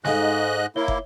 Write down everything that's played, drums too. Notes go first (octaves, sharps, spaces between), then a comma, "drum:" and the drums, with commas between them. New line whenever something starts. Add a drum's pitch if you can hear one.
G#2 A4 D#5 F5 G#5 F#6, drum: snare
A#3 E4 C#5 E5 G7
drum: kick